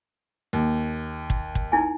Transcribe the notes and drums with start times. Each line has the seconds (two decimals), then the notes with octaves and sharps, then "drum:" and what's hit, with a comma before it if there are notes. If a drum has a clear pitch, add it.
0.53 D#2
1.30 drum: kick
1.55 drum: kick
1.72 D#4 E4 G#5